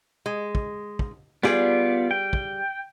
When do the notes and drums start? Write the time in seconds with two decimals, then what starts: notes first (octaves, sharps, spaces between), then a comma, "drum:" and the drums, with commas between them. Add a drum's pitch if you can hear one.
0.26 G#3
0.55 drum: kick
0.99 drum: kick
1.43 G3 B3 F4 G#4 D5, drum: snare
2.11 G5
2.33 drum: kick